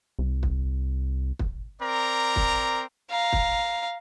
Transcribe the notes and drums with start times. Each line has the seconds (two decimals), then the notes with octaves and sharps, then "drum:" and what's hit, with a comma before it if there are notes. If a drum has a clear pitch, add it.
0.19 C2
0.43 drum: kick
1.39 drum: kick
1.82 C4 A#4 D5 A#5
2.36 drum: kick
3.10 F5 A#5
3.33 drum: kick